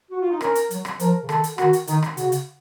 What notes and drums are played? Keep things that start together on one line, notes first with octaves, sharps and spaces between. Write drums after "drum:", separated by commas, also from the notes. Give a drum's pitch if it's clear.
F#4
F4
D#4
C#4 A#4, drum: rim click
drum: hi-hat
F#3, drum: hi-hat
drum: rim click
F3 A#4, drum: hi-hat
C#3
D#3 A4, drum: rim click
drum: hi-hat
D#3 F#4, drum: rim click
drum: hi-hat
D#3 D#4, drum: hi-hat
drum: rim click
C#3 F#4, drum: hi-hat
drum: hi-hat